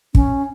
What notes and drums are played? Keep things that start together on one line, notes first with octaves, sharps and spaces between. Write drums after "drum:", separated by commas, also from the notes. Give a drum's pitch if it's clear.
C#4, drum: kick